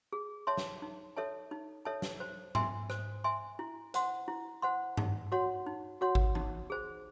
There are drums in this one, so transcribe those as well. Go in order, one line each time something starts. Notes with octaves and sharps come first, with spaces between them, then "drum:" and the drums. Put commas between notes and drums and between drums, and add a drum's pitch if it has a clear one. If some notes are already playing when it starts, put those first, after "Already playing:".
G#4
C#5 E5 A5 C6
drum: snare
D#4
A4 C#5 E5 A5
D#4
A4 C#5 E5 A5
drum: snare
C5
E5 G#5 C6, drum: tom G#2
C5, drum: rim click
E5 G#5 C6
E4
C5 F#5 C6, drum: hi-hat
E4
C5 F#5 C6
D#4, drum: tom G2
F#4 C#5 F#5 C6
D#4
F#4 C#5 F#5 C6
drum: kick G#1
D#4, drum: tom E3
G#4 C5